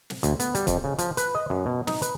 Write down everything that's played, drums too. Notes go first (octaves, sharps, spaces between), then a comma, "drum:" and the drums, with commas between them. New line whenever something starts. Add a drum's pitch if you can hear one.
drum: snare
D2, drum: hi-hat
B3, drum: hi-hat
G3, drum: hi-hat
F2, drum: kick C#1, hi-hat
C#3
F3, drum: hi-hat
B4, drum: hi-hat
D#5
F#2
B2
D#4, drum: snare
B4, drum: hi-hat